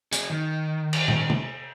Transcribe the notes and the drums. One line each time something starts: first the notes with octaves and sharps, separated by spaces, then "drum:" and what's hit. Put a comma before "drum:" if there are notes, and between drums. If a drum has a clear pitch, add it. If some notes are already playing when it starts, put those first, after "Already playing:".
F#3 G#4, drum: hi-hat
D#3
drum: cymbal
drum: tom
drum: tom